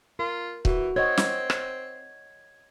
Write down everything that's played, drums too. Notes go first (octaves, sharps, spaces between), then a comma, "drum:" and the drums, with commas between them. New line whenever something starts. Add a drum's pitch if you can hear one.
F4 A#4
E3 F#4, drum: kick C#1
C4 C#5 D#5 F#5 G#6
drum: snare
drum: rim click